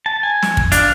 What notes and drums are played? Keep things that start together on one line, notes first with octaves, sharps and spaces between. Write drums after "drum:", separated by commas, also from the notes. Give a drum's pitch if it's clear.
A5
G#5
drum: snare
drum: kick
D4 F5, drum: hi-hat